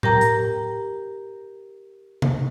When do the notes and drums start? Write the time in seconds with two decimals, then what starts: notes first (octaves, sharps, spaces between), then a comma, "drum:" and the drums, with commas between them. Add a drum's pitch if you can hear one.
0.03 G4 A#4 G5 A#5, drum: tom A2
0.21 drum: hi-hat
2.22 drum: tom C3